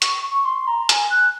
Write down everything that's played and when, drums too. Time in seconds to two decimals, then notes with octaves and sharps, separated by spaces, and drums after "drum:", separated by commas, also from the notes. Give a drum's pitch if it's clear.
0.02 C#6, drum: hi-hat
0.24 C#6
0.45 C6
0.67 A#5
0.89 G#5, drum: hi-hat
1.10 F#6